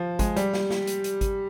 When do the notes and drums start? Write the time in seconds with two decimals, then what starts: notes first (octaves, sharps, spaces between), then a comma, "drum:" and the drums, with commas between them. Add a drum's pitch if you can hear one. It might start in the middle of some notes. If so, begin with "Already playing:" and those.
Already playing: F3
0.19 G#3, drum: kick G#1, hi-hat
0.36 G3, drum: hi-hat
0.54 drum: snare
0.70 drum: snare
0.87 drum: hi-hat
1.04 drum: hi-hat
1.21 drum: kick G#1, hi-hat